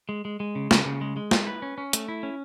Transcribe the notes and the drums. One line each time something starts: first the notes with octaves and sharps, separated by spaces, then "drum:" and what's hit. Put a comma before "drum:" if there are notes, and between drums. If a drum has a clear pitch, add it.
G#3
G#3
G#3
C#3
C#3, drum: snare
C#3
G#3
G#3
E4, drum: snare
B4
C#4
C#4
A3, drum: hi-hat
E4
C#4